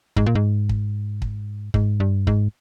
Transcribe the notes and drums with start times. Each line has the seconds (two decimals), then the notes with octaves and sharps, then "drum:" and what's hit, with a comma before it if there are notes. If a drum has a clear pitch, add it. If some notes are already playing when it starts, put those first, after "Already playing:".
0.17 G#2, drum: kick
0.26 A#2
0.35 G#2
0.69 drum: kick
1.22 drum: kick
1.74 G#2, drum: kick
2.00 G2
2.27 G#2, drum: kick